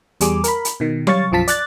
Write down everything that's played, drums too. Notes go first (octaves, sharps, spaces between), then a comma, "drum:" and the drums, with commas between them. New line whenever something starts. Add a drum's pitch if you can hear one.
E2 G3 G#4 D6, drum: hi-hat
A#4 B5, drum: hi-hat
drum: hi-hat
B2 D#3
G3 C#5 F5 C#6 A6, drum: tom F#3
B1 F#2 F3 F4 A5 B6
D5 F#6 A6, drum: hi-hat